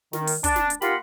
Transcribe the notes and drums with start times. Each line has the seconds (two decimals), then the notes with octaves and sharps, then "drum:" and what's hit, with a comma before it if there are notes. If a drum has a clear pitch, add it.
0.13 D#3, drum: snare
0.27 drum: open hi-hat
0.44 D4, drum: kick, hi-hat
0.56 drum: snare
0.70 drum: hi-hat
0.82 F4 G4 A#4 F#5 B5 C6, drum: snare